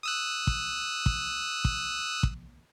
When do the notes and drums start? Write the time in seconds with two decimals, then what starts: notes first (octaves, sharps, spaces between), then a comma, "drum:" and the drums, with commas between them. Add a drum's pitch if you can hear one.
0.03 D#6 E6 F#6
0.47 drum: kick
1.06 drum: kick
1.65 drum: kick
2.23 drum: kick